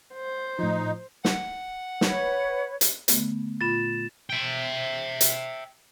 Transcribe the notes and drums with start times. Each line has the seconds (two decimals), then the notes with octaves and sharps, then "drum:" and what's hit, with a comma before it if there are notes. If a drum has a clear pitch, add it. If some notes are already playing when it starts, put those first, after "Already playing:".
0.14 C5
0.59 A2 F3 D#4
1.25 F#5, drum: snare
2.01 B4 C#5, drum: snare
2.81 drum: hi-hat
3.08 D3 A3 B3, drum: hi-hat
3.61 A#2 F4 B5 A6 E7
4.30 E5 G5
5.21 drum: hi-hat